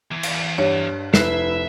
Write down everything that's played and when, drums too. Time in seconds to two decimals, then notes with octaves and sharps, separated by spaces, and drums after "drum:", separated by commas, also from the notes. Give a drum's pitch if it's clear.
0.11 E2
0.23 drum: cymbal
0.58 G2 C#5
1.14 F1 E4 B4 E5 F#6 C7, drum: snare